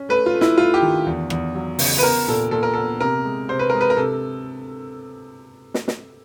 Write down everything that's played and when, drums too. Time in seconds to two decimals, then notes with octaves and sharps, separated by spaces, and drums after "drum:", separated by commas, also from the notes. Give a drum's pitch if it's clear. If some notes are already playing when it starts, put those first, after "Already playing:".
Already playing: C#4
0.09 A3 B4
0.26 F4
0.34 A3
0.41 E4, drum: snare
0.58 A3 F4
0.74 G4
0.82 D#3
1.06 E2
1.30 E2, drum: rim click
1.55 F#3
1.79 C#3, drum: open hi-hat
1.98 B4
2.03 B3 A#4
2.28 A#2 A4
2.51 A#2 A4
2.63 A#4
2.74 B3 A4
3.00 C3 A#4
3.25 G#3
3.49 C3 C5
3.59 B4
3.70 G#3 A#4
3.81 B4
3.90 A#4
3.97 C3 A4
5.74 drum: snare
5.88 drum: snare